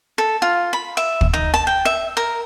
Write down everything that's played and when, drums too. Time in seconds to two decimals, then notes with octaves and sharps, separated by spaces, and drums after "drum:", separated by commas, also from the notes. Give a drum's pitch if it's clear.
0.18 A4
0.42 F4
0.73 B5
0.97 E5
1.21 drum: kick
1.33 D#4
1.54 A5
1.67 G5
1.85 E5
2.17 A#4